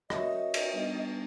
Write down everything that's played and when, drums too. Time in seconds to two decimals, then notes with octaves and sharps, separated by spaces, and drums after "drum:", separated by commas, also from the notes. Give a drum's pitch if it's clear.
0.10 C#4 F#4 A#4 C#5 D#5 E5, drum: rim click
0.54 drum: cymbal
0.73 G3 B3 D4